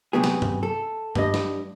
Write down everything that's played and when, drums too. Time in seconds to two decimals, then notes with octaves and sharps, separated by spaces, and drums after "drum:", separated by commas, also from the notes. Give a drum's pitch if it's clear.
0.13 C3 F#3 B3 G#4
0.24 drum: snare
0.42 drum: tom G2
0.63 A4
1.15 G2 D#5, drum: tom G2
1.34 drum: snare